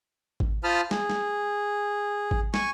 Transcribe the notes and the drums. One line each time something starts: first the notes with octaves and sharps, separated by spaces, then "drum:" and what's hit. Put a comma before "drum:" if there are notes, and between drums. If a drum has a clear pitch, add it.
drum: kick G#1
F4 C5 A5 B5 D#6 F6
G#4, drum: snare
drum: snare
drum: kick G#1
G#5 C#6, drum: snare